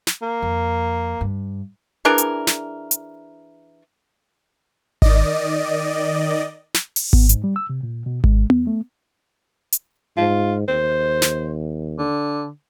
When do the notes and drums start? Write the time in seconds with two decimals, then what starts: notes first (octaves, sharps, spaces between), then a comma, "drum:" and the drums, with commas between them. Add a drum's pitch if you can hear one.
0.07 drum: snare
0.22 A#3
0.42 F2
1.21 G2
2.05 E3 D4 G#4 A#4
2.18 drum: hi-hat
2.47 drum: snare
2.91 drum: hi-hat
5.02 D#3 D5 D#5, drum: kick G#1
6.74 drum: snare
6.96 drum: open hi-hat
7.13 B3, drum: kick G#1
7.29 G#2, drum: hi-hat
7.44 G3
7.56 E6
7.70 C3
7.83 A#2
8.06 B2
8.24 G#3, drum: kick G#1
8.50 E2, drum: tom B3
8.67 A3
9.72 drum: hi-hat
10.17 G#2 F4
10.68 D#2 C5
11.22 drum: snare
11.99 D3